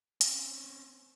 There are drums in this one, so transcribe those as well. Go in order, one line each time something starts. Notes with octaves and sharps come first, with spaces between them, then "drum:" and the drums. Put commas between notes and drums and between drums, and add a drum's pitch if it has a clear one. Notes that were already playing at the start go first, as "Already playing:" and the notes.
C4 C#4, drum: hi-hat